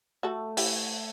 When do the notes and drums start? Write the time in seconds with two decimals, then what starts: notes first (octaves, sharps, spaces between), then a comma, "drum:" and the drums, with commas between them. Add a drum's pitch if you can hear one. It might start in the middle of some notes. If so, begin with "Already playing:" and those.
0.23 A3 F#4 A4
0.57 E4 G4, drum: open hi-hat